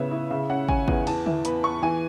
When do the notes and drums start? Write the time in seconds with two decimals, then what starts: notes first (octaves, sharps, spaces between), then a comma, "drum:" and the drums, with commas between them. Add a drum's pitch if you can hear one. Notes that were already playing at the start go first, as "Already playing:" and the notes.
Already playing: C#3 B3 E4 B4 C#5 E5
0.11 E4
0.30 C#3 E5
0.50 C#4 F#5
0.69 C#4 G#5, drum: kick
0.88 E2, drum: kick
1.07 E3 A5, drum: cymbal
1.26 E4, drum: tom D3
1.45 B3 B5, drum: hi-hat
1.63 B3 C#6
1.82 E3 G#5